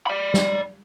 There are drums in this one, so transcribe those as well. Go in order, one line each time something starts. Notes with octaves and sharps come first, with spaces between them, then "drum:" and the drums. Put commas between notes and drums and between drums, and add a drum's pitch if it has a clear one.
D5 B5
drum: snare